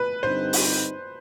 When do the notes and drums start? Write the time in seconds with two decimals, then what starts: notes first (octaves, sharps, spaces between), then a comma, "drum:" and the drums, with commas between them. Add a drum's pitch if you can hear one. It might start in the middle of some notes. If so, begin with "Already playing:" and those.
Already playing: B4
0.23 G2 D3 G3 C4 D#4 C5
0.53 drum: open hi-hat